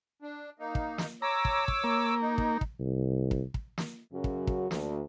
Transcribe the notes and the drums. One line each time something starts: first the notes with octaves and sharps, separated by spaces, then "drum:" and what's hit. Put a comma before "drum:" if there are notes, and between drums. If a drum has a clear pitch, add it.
D4
A#3 D#4
drum: kick
drum: snare
C#5 A#5 D6 E6
drum: kick
drum: kick
A#3
D#4
drum: kick
drum: kick
C2
drum: kick
drum: kick
drum: snare
F#2 C#3 F#3 F#4
drum: kick
drum: kick
D2, drum: snare